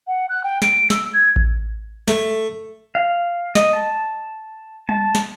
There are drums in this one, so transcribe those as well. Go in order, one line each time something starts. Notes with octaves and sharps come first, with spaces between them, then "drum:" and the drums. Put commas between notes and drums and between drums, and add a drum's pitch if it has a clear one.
F#5
F#6
G5
D7, drum: snare
E6, drum: snare
G#6
drum: kick A1
A3, drum: snare
F5
D#5, drum: snare
A5
A5, drum: tom G3
drum: snare